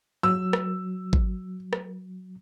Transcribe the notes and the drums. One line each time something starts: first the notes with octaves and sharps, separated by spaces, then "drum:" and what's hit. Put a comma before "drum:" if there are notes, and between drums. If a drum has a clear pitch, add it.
F#3 E6
drum: rim click
drum: kick
drum: rim click